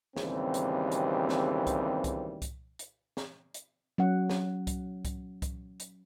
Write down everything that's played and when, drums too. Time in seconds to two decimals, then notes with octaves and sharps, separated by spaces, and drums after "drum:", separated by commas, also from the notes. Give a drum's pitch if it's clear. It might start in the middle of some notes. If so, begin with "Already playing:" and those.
0.16 G#1 D#2 C#3 E3 G3 C4, drum: snare
0.54 drum: hi-hat
0.92 drum: hi-hat
1.29 drum: snare
1.67 drum: kick C2, hi-hat
2.04 drum: kick C2, hi-hat
2.42 drum: kick C2, hi-hat
2.79 drum: hi-hat
3.17 drum: snare
3.54 drum: hi-hat
3.98 F#3 C#4 F#5
4.30 drum: snare
4.67 drum: kick C2, hi-hat
5.05 drum: kick C2, hi-hat
5.42 drum: kick C2, hi-hat
5.80 drum: hi-hat